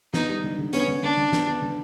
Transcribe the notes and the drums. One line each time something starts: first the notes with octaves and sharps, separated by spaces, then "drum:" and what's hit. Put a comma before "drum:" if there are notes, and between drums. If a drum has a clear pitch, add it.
B3 D#4, drum: snare
G3
D3
D3
B3 C#4, drum: hi-hat
D3
D3 D4
D3
B3, drum: snare
B3
D3